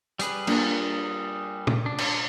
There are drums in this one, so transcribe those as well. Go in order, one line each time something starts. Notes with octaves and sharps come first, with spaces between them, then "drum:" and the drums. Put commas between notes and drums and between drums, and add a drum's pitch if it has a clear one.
G3 G#4 B4, drum: hi-hat
A#3 D4 F4, drum: cymbal
drum: tom
D4
drum: cymbal